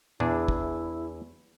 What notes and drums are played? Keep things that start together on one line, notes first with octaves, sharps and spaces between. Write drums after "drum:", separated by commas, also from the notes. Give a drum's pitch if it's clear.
E2 D4 E4 G#4, drum: tom A#2
drum: kick